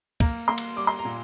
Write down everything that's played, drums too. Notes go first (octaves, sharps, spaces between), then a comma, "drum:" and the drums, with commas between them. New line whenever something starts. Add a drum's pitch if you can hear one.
A#3, drum: kick C#2, cymbal
A#3 C6
drum: cymbal
G3 D6
C6
A#5
A#2